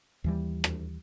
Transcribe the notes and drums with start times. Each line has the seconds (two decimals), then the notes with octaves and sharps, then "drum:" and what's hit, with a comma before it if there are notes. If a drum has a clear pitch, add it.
0.24 D#2 E3 G3
0.64 drum: rim click